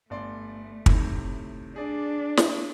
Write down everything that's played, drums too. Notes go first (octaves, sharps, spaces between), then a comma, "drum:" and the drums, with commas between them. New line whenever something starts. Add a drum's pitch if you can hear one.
G1 A3 D5 C6
A2 C3 D#3, drum: kick
D4 G#4 D5
drum: snare